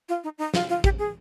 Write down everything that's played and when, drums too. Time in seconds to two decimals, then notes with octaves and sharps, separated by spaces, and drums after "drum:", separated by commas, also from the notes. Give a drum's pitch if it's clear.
0.09 F4
0.24 D#4
0.38 D#4
0.54 F4, drum: snare
0.69 F4
0.84 G4, drum: kick
0.99 G#4